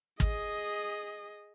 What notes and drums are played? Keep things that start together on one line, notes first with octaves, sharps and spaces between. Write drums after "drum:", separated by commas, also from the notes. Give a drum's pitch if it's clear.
G#4 D#5, drum: kick